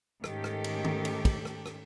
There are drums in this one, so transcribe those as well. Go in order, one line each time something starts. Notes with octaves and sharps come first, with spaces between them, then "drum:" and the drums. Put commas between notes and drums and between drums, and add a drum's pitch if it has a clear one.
G#2 D#3 A3 C#4 G4 A4, drum: rim click
drum: rim click
drum: cymbal
drum: tom
drum: cymbal
drum: kick, cymbal
drum: rim click
drum: rim click